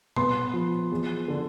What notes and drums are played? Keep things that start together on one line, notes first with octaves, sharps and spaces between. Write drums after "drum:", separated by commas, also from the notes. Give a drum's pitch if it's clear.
B3 C6, drum: tom A#2
F3
E2
D3